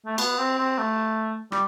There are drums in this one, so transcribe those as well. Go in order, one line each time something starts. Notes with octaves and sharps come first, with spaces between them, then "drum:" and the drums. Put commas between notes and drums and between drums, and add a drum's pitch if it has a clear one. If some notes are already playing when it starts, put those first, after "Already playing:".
A3
B3, drum: cymbal
C4
C4
A3
G3, drum: rim click